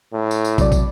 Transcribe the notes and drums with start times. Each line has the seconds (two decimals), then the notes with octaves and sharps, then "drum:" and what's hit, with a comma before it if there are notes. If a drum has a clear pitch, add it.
0.14 A2
0.31 drum: tambourine
0.45 drum: tambourine
0.58 C3 F#3 D5, drum: kick, tambourine
0.72 drum: kick, tambourine